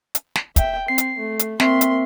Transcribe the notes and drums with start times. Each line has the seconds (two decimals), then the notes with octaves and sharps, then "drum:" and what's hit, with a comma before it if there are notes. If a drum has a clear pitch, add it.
0.15 drum: hi-hat
0.35 drum: snare
0.56 E5 G5, drum: kick, hi-hat
0.88 C4 C7
0.98 drum: hi-hat
1.19 A3
1.39 drum: hi-hat
1.60 A#3 C4 E5 C6 C7, drum: snare
1.81 drum: hi-hat